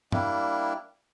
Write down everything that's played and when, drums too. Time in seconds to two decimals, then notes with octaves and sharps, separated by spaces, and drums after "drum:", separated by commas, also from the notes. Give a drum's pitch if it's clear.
0.12 G3 A#3 D4 E4, drum: tom G2